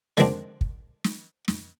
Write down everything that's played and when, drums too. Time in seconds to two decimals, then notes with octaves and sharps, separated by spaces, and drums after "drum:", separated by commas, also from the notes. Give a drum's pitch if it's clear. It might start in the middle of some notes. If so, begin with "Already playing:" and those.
0.17 D3 D#3 F3 G#3 C4 D4, drum: snare
0.61 drum: kick
1.04 drum: snare
1.48 drum: snare